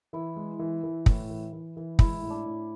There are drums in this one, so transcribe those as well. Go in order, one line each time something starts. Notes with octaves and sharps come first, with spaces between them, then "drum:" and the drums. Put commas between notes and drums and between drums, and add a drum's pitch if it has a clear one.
E3 E4
G#3
E3
E3
A2, drum: kick
E3
E3
E3
G#3 E4, drum: kick
A2
D4
A2